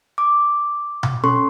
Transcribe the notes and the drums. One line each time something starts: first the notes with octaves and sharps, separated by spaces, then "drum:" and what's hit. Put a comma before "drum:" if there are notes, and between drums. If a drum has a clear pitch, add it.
D6
drum: tom B2
C#4 A4 C6 C#6